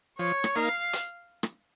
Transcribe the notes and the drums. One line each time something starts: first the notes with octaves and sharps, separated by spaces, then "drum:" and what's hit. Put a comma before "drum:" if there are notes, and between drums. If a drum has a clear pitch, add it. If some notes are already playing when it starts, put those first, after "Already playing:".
F3 C#5
drum: rim click
A#3 D#4 A#4 F5
drum: hi-hat
drum: rim click